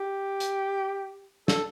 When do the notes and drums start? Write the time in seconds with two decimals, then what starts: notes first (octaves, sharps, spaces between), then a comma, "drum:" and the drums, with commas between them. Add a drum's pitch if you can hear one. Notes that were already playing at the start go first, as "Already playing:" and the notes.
Already playing: G4
0.40 drum: hi-hat
1.48 A4, drum: snare